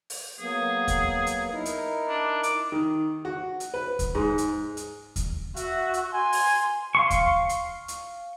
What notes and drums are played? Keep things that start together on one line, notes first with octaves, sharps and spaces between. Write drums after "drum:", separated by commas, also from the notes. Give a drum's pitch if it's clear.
drum: open hi-hat
F#3 A#3 B3 G#4
drum: kick D#2, hi-hat
drum: hi-hat
D#4 E4 A#4
drum: hi-hat
D4
D6, drum: hi-hat
D#3
F#4
drum: hi-hat
B4
drum: kick D#2, hi-hat
G#2
drum: hi-hat
drum: hi-hat
drum: kick D#2, hi-hat
F#4 E5, drum: hi-hat
drum: hi-hat
G#5 C6
drum: open hi-hat
F5 C6 C#6
drum: kick D#2, hi-hat
drum: hi-hat
drum: hi-hat